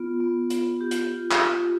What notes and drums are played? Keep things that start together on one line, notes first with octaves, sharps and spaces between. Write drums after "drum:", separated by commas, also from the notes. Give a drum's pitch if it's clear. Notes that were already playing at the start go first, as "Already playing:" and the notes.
Already playing: B3 F4
B3
B3, drum: hi-hat
G4
drum: hi-hat
F4
drum: clap
F4